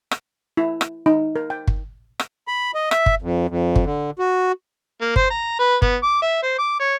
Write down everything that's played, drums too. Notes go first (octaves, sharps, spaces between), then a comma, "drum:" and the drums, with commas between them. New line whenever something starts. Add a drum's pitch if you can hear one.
drum: rim click
E4
drum: rim click
D#4
A#4
G5
drum: kick
drum: rim click
B5
D#5
E5, drum: rim click
drum: kick
F2
F2
drum: kick
D3
F#4
A#3
C5, drum: kick
A#5
B4
B3, drum: kick
D6
E5
C5
D6
C#5